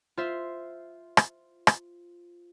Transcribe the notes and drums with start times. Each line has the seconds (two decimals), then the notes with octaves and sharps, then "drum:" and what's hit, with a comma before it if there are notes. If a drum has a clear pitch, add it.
0.17 F4 C5 E5
1.17 drum: rim click
1.67 drum: rim click